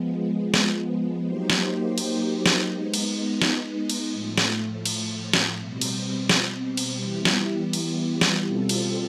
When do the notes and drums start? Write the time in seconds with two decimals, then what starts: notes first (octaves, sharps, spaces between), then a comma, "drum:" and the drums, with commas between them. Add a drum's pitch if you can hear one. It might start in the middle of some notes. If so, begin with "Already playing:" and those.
Already playing: F3 G#3 B3
0.54 drum: snare
1.25 F#3 A#3 D#4 G4 C5
1.50 drum: snare
1.98 drum: cymbal
2.46 drum: snare
2.69 G#3 B3 D#4
2.94 drum: cymbal
3.42 drum: snare
3.90 drum: cymbal
4.13 A2 F3 A3
4.38 drum: snare
4.85 drum: cymbal
5.33 drum: snare
5.57 B2 G3 C4
5.81 drum: cymbal
6.29 drum: snare
6.77 drum: cymbal
7.01 E3 G3 B3 E4 G4
7.25 drum: snare
7.73 drum: cymbal
8.21 drum: snare
8.45 B2 G3 C4 F4 A4
8.69 drum: cymbal